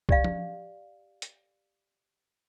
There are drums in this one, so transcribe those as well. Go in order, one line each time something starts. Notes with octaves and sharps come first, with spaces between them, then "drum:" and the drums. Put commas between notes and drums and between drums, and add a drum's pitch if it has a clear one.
G4 D5 F5, drum: kick C2
drum: tom F3
drum: hi-hat